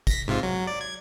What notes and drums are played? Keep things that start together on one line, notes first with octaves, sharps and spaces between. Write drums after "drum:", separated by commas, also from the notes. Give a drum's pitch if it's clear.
A#6 B6, drum: kick, tambourine
G#2 C3 F4
F#3
D5
G#6